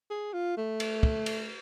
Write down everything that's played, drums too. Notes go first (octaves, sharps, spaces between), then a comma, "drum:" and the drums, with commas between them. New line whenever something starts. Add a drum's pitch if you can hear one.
G#4
F4
A3
drum: cymbal
drum: kick
drum: cymbal